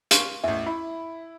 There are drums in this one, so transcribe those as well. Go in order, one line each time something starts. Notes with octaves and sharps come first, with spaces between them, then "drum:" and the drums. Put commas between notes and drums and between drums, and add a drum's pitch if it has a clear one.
F5 C6 C#6, drum: hi-hat
A1 E2 E5
E4 B5